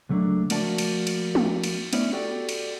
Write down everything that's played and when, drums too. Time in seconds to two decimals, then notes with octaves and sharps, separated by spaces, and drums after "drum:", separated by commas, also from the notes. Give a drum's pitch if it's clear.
0.09 C#2 F#3 A3 A#3 D4
0.50 F3 A3 A#3 F#4 D5 A5, drum: cymbal
0.78 drum: cymbal
1.07 drum: cymbal
1.35 drum: tom
1.64 drum: cymbal
1.93 A3 B3 C#4 E4 C#5 D5, drum: cymbal
2.13 F#4 G4 A4 D5 F#5 G5
2.49 drum: cymbal